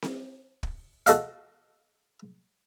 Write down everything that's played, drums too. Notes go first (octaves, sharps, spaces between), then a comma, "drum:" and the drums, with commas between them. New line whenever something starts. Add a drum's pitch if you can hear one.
drum: snare C4
drum: kick
F#4 A4 D#5 F5, drum: hi-hat